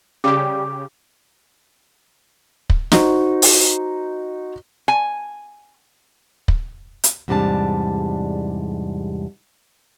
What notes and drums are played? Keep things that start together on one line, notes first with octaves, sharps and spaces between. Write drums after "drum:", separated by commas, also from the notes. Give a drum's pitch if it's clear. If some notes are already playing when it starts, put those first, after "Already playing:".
C#3 G3 G4 D6
drum: kick
D#4 F#4 C5, drum: snare
drum: open hi-hat
G#5
drum: kick
drum: hi-hat
E2 G#2 C3 G3 D4 A5